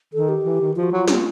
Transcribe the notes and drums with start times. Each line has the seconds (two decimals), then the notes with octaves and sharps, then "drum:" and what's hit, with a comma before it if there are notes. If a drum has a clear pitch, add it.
0.13 D#3 A4
0.29 G4
0.45 E3
0.61 D#3
0.76 F3 F4
0.83 F#4
0.90 F#3 F4
1.08 G3, drum: snare